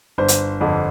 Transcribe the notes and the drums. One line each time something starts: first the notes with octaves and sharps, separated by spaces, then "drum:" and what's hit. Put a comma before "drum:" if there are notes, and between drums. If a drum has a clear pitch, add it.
G1 C5
drum: hi-hat
F2 D3